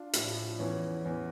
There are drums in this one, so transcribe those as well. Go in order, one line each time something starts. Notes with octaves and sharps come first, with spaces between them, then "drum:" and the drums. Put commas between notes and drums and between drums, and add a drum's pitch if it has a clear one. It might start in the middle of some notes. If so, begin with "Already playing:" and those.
Already playing: D4 F4
A2 F3, drum: hi-hat
E2 E3 C#4 E4
E2 E3